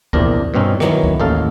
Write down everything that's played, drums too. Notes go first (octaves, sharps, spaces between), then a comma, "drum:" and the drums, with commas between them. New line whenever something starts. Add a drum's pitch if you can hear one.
A#1 E2 C3 D4 A#4 A#5, drum: kick C2
G2 B2 C4 C#4 D#4
D#3 E3 F#3 B3, drum: rim click
drum: kick C2
A1 D#2 C#4 D#4 A4 F5